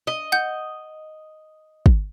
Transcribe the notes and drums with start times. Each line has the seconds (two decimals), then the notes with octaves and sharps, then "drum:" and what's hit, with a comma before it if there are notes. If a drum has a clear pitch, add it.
0.07 D#5
0.32 F#5 G6
1.86 drum: kick